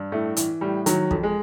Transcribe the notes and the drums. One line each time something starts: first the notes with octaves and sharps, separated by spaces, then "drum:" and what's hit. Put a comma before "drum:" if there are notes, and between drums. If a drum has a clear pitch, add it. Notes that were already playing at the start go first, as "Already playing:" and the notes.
Already playing: G2
A2 A3
E3, drum: hi-hat
A2 G3
D#3 F#3, drum: hi-hat
F2, drum: kick
G#3